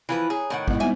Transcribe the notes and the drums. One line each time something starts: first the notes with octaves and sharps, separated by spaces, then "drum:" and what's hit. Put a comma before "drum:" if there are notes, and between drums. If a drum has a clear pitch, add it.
E3 F3 E4 B4
G#4 C#5 G#5 A#5
A2 D#3 F#5
G#3 B3 E4 D#5, drum: kick
G3 B3 C4 D#4 C5 E5 G#5